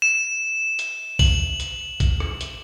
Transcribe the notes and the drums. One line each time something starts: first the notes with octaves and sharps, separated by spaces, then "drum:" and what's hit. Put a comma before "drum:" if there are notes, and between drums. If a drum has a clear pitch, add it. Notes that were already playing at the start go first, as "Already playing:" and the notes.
E7
drum: hi-hat
F#7, drum: kick A#1, open hi-hat
drum: hi-hat
drum: kick A#1, hi-hat
drum: rim click
drum: hi-hat